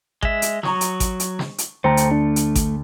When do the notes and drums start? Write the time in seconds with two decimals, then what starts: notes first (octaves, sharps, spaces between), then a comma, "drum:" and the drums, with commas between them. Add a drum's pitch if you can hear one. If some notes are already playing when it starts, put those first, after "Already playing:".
0.23 G#3 E5, drum: kick G#1
0.42 drum: hi-hat
0.63 F#3 A#5 C#6 D#6, drum: snare
0.81 drum: hi-hat
1.00 drum: kick G#1, hi-hat
1.20 drum: hi-hat
1.39 drum: snare
1.58 drum: hi-hat
1.84 D2 A3 C5 G5 A#5
1.97 drum: hi-hat
2.11 D4
2.36 drum: hi-hat
2.55 drum: kick G#1, hi-hat